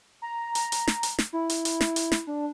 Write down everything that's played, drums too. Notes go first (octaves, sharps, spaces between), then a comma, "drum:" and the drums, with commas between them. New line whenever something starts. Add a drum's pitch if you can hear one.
A#5
A#5, drum: hi-hat
drum: hi-hat
drum: snare
drum: hi-hat
drum: snare
E4
drum: hi-hat
drum: hi-hat
drum: snare
drum: hi-hat
drum: snare
D4